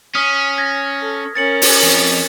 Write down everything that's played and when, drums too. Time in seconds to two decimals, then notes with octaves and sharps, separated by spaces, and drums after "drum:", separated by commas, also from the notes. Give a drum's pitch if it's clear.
0.15 C#4 D#6 F6 B6
0.58 G#6 A#6
1.01 A4
1.35 C#4 A#4 A6 C#7 F#7
1.62 drum: open hi-hat
1.83 F2 F3